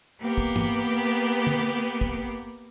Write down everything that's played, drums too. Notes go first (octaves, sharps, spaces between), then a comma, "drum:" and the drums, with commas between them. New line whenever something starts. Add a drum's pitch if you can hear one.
A#3 B3 G4
drum: kick
drum: tom
drum: tom
drum: kick